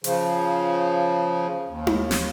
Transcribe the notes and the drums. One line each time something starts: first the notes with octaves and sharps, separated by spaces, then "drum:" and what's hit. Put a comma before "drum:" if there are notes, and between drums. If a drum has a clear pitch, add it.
C#3 F3, drum: hi-hat
D#2
drum: tom D#4
drum: snare